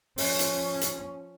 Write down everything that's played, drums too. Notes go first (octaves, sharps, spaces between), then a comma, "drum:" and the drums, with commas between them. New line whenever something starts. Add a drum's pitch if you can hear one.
F3 C#4, drum: open hi-hat
drum: hi-hat
drum: hi-hat